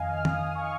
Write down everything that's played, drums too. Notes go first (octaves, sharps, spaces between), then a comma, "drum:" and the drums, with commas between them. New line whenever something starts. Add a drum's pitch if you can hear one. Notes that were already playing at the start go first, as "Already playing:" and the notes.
Already playing: F2 D#3 D#5 F5 G#5
F6
D#6, drum: tom
D#6
C#6